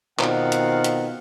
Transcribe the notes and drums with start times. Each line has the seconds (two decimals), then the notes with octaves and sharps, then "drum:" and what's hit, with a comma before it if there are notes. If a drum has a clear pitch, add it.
0.20 B2 D#3 C4 F4 F5 F#5, drum: clap
0.52 drum: hi-hat
0.84 drum: hi-hat